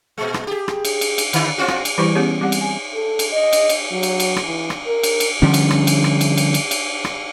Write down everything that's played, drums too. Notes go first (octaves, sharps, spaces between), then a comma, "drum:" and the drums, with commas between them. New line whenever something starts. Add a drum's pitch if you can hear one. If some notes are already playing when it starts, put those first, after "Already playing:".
A#2 G#3
drum: rim click
G4 G#4
drum: rim click
drum: cymbal
drum: cymbal
drum: cymbal
D3 D#3 E4, drum: cymbal
C4 F4 F#4
drum: rim click
drum: cymbal
E3 G3 E4 G4 C5 C#6
B3 C#4 G4 G#4 C#5
G3 C4 G4 F#5
drum: cymbal
G#5
A4
drum: cymbal
D#5
drum: cymbal
drum: cymbal
F#3
drum: cymbal
drum: cymbal
drum: rim click
E3
drum: rim click
A#4
drum: cymbal
drum: cymbal
D3 F3 G3 C#4
drum: cymbal
drum: rim click
drum: cymbal
drum: rim click
drum: cymbal
drum: cymbal
drum: cymbal
drum: cymbal
drum: rim click